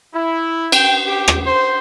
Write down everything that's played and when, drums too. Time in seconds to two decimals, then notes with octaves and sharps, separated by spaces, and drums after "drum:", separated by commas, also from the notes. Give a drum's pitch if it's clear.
0.13 E4
0.72 G5, drum: cymbal
1.06 G4
1.28 drum: rim click
1.45 C5